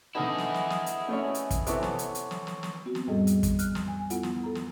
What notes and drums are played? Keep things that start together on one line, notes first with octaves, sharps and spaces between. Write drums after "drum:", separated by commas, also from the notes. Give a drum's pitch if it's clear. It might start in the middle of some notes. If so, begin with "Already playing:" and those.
D3 B3 D#4 E4 G#4 A4 D#5
drum: snare
drum: snare
drum: snare
drum: hi-hat
A3 C#4 C#5
drum: hi-hat
drum: kick, hi-hat
C3 E3 B3 A4 C#5 D6, drum: hi-hat
drum: snare
drum: hi-hat
drum: hi-hat
drum: snare
drum: snare
drum: snare
B3 C4 F#4
drum: snare
F2 A2 G3 G#4 A4 D#5
drum: hi-hat
drum: kick, hi-hat
F6 F#6, drum: hi-hat
drum: snare
G#5
B3 E4 F4 A4 F#5, drum: hi-hat
drum: snare
A4 A#5
drum: snare